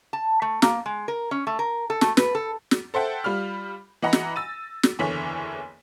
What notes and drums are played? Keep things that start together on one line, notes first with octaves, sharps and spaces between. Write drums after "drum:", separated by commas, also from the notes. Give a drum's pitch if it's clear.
A5
A3
A#3, drum: snare
G#3
A#4
C#4
A3
A#4
A4
A3, drum: snare
B4, drum: snare
A4
drum: snare
A4 C5 E5 F#5 G5
G3 F4 B5 F6
E3 D#5 F#5 A#5 B5 A#6
drum: snare
E6 A6 D#7
drum: snare
F#1 E2 D3 E3 C#5 B6